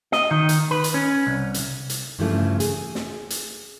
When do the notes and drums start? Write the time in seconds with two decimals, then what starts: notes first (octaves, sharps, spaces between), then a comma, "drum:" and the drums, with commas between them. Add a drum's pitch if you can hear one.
0.12 D#5, drum: snare
0.31 D#3
0.49 drum: hi-hat
0.71 B4
0.84 drum: hi-hat
0.94 C#4
1.27 C2
1.54 drum: hi-hat
1.90 drum: hi-hat
2.19 G2 C#3 E3 F3 A3
2.60 G#4, drum: hi-hat
2.95 drum: snare
3.30 drum: hi-hat